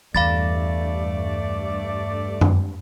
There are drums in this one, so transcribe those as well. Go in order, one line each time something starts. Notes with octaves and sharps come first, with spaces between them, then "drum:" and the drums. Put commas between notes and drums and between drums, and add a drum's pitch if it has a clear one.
E2 G2 A3 D5 F5 B5 A6
drum: tom F#2